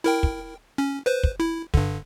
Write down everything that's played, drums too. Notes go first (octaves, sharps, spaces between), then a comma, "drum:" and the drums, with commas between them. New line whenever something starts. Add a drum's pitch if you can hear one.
E4 A#4 G5
drum: kick
C#4
B4 C5
drum: kick
E4
G2 D3, drum: kick